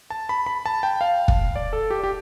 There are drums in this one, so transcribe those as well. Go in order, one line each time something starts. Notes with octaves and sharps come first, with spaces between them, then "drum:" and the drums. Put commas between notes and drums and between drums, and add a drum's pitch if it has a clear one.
A5
B5
B5
A5
G5
F5
drum: kick
D5
A4
G4
G4